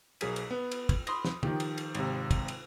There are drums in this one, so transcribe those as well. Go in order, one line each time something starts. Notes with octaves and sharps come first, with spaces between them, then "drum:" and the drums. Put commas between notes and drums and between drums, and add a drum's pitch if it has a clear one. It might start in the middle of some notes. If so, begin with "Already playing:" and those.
B1 F#3 G#4 A#4 B6, drum: cymbal
drum: cymbal
B3
drum: cymbal
drum: kick, cymbal
B5 C6 D#6 A#6, drum: cymbal
drum: snare
D#3 F3 G4, drum: tom
drum: cymbal
drum: cymbal
G#1 C3, drum: cymbal
drum: kick, cymbal
drum: cymbal